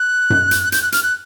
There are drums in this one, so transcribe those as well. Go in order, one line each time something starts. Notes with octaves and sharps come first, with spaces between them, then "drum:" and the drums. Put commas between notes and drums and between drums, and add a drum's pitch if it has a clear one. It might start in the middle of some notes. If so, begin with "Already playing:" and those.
Already playing: F#6
drum: tom F#2
drum: hi-hat
G6, drum: hi-hat
F#6
F6, drum: hi-hat
F#6